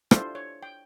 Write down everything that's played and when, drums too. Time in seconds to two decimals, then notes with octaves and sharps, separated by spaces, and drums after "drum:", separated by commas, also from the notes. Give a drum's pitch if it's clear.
0.11 D4 E4 F4 G4 A4 C5, drum: rim click
0.35 C#5
0.63 G5